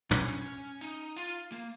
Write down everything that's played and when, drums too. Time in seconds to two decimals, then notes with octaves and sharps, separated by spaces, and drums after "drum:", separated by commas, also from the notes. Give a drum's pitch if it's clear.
0.11 C#4, drum: tom
0.81 D#4
1.17 F4
1.52 A#3